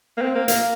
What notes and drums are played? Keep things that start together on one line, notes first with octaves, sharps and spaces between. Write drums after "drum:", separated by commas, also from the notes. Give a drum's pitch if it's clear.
A#3
C4
A#3
A#3, drum: hi-hat